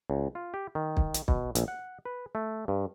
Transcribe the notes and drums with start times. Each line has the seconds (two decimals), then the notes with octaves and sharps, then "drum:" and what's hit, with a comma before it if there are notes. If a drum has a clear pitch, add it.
0.10 C#2
0.35 F4
0.54 G4
0.75 D#3
0.97 drum: kick
1.14 drum: hi-hat
1.28 B2, drum: kick
1.55 A#1, drum: hi-hat
1.68 F#5
2.05 B4
2.35 A3
2.68 G2